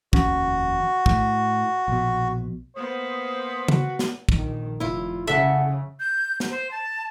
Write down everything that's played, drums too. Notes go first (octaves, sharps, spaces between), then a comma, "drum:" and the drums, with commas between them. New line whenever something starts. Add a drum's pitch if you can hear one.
F1 D#2 C#4 F#4, drum: kick
A2, drum: kick
A#1 B2
A#3 B3 B4 C5 D#6
F#4, drum: tom C#3
drum: snare
A#1 D#3, drum: kick
F1 E4 F4
C#3 A4 E5 F#5
G6
drum: snare
C5
A5